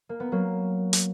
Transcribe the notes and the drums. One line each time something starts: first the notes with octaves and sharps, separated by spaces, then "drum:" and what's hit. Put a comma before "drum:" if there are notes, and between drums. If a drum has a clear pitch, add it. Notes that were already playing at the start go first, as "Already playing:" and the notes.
A#3
B3
F#3 A#3
drum: hi-hat